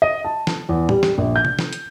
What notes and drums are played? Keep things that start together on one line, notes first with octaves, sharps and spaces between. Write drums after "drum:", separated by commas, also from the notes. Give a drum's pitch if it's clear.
D#5
A5
drum: snare
E2
G3, drum: tom A2
drum: snare
A#1
G6
drum: tom C3
drum: snare
drum: hi-hat